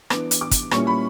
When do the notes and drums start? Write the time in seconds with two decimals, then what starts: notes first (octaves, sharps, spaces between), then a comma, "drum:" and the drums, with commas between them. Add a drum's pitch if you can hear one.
0.10 E3 B3 D4 D6, drum: rim click
0.31 drum: hi-hat
0.41 D6
0.51 drum: kick, hi-hat
0.71 A#2 G3 A#3 C#4 E4 C#6, drum: rim click
0.87 B5